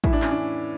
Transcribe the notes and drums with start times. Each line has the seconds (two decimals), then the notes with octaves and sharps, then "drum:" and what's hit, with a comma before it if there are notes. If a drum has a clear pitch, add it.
0.04 A2 E3 E4, drum: kick A1
0.13 D4
0.22 C#4, drum: clap
0.31 D4